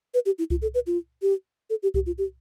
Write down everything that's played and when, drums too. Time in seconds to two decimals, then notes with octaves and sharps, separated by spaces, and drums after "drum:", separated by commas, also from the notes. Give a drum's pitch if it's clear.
0.14 B4
0.26 G4
0.38 E4
0.50 F4, drum: kick C2
0.62 A4
0.74 B4
0.87 F4
1.22 G4
1.70 A4
1.83 G4
1.94 G4, drum: kick C2
2.06 F4
2.18 G4